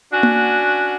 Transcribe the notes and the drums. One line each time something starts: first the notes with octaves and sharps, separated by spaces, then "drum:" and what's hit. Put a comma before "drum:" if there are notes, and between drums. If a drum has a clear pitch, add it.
C#4 D4 F#4
drum: tom A#3